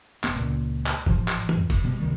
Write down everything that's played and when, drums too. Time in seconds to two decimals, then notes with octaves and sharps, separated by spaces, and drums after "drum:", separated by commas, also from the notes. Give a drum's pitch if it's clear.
0.24 F1 B3, drum: clap
0.36 C#2 A#2
0.86 drum: clap
1.06 A1 G#2 F3, drum: kick F1
1.28 drum: clap
1.49 drum: tom
1.60 F2
1.70 drum: kick F1, cymbal
1.84 B2 G3 B3
2.00 D2 C3 D#3 G3